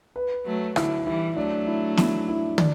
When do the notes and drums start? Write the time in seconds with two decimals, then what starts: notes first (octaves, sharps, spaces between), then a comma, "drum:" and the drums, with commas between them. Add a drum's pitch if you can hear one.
0.16 B4
0.45 F#3 A3
0.76 D3 F#3 E4, drum: rim click
1.07 E3 G3 E4
1.36 F#3 A3 D4
1.67 E4
1.97 E4, drum: snare
2.28 E4
2.58 D4, drum: tom